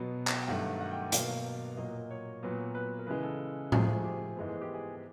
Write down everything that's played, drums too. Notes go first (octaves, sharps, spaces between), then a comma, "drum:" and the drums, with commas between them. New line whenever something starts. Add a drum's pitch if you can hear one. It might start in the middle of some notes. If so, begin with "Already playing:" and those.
Already playing: B2 F#3 B3
drum: clap
G5
G2 D#3 F#3 A3 F#5
F#5
G5
G5
B2 F#3 A#3 F5, drum: hi-hat
A#2 F#3 A#3 D#5
C#5
A#2 F#3 B3
B4
A#4
C#3 E3 G#3 B4
A4
G#2 F3 A3 G#4, drum: tom A2
G#4
G4
G#2 E3 G#3 B3 A4
G#4
G4
G#4
G#4